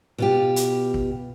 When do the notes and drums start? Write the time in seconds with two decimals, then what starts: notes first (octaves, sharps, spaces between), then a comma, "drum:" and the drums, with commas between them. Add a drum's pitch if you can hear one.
0.18 B2 F4 G4
0.56 drum: hi-hat
0.94 drum: kick